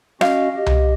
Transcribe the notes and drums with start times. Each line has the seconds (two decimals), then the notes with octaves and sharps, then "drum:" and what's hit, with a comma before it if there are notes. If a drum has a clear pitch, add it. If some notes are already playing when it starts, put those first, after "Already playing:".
0.21 C#4 F#4 D#5 F5, drum: rim click
0.56 G4 D#5
0.66 drum: tom C2